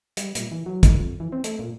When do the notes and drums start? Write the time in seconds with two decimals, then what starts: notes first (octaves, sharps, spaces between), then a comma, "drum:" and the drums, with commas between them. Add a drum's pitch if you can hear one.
0.17 G3, drum: hi-hat
0.35 A#2, drum: hi-hat
0.51 E3
0.66 F#3
0.83 D#3, drum: kick, hi-hat
0.98 F2
1.20 E3
1.32 C4
1.44 A3, drum: hi-hat
1.59 A#2